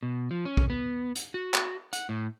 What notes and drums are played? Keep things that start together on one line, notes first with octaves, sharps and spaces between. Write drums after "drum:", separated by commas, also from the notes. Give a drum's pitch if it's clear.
B2
F3
C#4
drum: kick
B3
drum: hi-hat
F#4
drum: clap
F#5, drum: hi-hat
A2